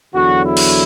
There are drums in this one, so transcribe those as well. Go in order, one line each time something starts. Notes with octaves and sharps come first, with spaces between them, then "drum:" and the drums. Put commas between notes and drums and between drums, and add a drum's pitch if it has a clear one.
E2 D3 F#3 F#4
E4
drum: cymbal